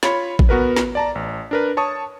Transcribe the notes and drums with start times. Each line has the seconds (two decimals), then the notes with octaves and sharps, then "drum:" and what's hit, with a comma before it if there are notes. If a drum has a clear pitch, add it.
0.03 F4 C#5 B5, drum: snare
0.39 drum: kick A1
0.49 B3 F#4 A#4 B4
0.76 drum: snare
0.95 D5 A5 A#5
1.15 A1
1.51 D4 A#4 B4
1.77 C#5 A5 C#6 D#6